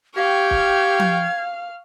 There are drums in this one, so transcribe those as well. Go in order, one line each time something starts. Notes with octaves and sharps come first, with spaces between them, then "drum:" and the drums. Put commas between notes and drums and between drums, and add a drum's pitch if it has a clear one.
G4 F5 G5 C#6 F6 G#6
drum: kick
drum: tom F3